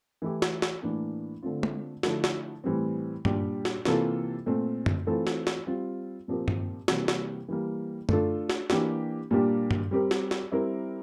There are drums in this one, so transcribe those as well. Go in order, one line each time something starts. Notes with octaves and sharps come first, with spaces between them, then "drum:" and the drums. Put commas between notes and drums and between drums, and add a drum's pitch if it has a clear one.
E3 A3 E4 G4
drum: snare
drum: snare
A2 E3 A#3 D4
D3 A3 C4 F4
drum: tom
D3 F3 A3 E4 A4, drum: snare
drum: snare
A2 E3 G3 C4
A#2 G3 D4 G4, drum: tom G2
drum: snare
C3 E3 A#3 F4 A4, drum: snare
A#2 A3 C4
drum: tom F#2
E3 A3 C4 F4 A4
drum: snare
drum: snare
G3 C4 F4
A#2 F3 C4 G4 A#4
drum: tom G2
C3 E3 G3 A#3, drum: snare
drum: snare
E3 G3 A#3
A3 D4 F4 A4, drum: tom F#2
drum: snare
E3 A#3 D4 G4, drum: snare
A#2 G3 A#3 D4 G4
drum: tom G2
G3 C4 G4 A#4
drum: snare
drum: snare
G3 C4 E4 G4 A#4